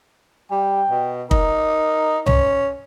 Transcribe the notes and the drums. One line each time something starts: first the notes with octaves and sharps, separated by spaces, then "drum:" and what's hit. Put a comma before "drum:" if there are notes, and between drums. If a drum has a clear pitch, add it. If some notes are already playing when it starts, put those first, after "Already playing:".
G3 G5
B2
D#4 A#4, drum: kick
C#4, drum: tom C2